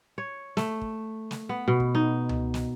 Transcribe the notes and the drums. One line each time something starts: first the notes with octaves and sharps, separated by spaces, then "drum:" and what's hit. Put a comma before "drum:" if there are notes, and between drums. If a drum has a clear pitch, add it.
C#5
A3, drum: snare
drum: kick
drum: snare
B3
B2
drum: kick
D#4
drum: tom C#2
drum: snare